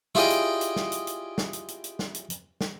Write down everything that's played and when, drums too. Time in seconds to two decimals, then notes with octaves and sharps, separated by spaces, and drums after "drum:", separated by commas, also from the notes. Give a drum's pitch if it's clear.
0.15 E4 F4 G4 G#4 D5 D#5, drum: snare
0.30 drum: hi-hat
0.61 drum: hi-hat
0.76 drum: snare
0.92 drum: hi-hat
1.07 drum: hi-hat
1.38 drum: snare
1.53 drum: hi-hat
1.68 drum: hi-hat
1.84 drum: hi-hat
1.99 drum: snare
2.15 drum: hi-hat
2.30 drum: hi-hat
2.61 drum: snare